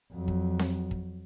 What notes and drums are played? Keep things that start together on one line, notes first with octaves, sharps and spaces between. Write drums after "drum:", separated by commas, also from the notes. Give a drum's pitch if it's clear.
F2 F#3
drum: kick
drum: snare C4
drum: kick